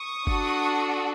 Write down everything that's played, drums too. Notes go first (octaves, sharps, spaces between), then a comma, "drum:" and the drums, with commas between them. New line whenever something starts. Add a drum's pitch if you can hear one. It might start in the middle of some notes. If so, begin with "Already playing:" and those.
Already playing: C#6 D#6
D4 F#4 A4, drum: kick F#1